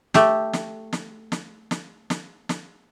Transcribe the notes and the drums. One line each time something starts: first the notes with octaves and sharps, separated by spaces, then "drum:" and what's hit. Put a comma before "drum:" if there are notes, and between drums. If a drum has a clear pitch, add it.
A3 G4, drum: snare
drum: snare
drum: snare
drum: snare
drum: snare
drum: snare
drum: snare